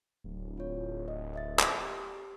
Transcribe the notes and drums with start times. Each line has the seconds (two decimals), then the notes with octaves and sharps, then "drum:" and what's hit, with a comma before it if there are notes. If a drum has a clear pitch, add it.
0.24 D1
0.58 F4 C#5
1.08 D#5
1.34 D#5 E5 A6
1.59 drum: clap
1.82 G4